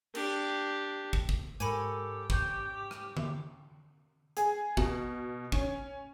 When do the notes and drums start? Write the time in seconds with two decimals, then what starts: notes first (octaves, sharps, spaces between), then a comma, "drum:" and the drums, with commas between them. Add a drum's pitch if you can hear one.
0.15 D4 G4, drum: cymbal
1.13 drum: kick
1.29 drum: kick
1.60 G#2 G4 A4 A#4 C#5 G#5 B5, drum: hi-hat
2.30 C#4 G5 G6, drum: kick
2.91 drum: rim click
3.17 drum: tom D3
4.37 G#4, drum: hi-hat
4.77 B2, drum: kick
5.52 C#4, drum: kick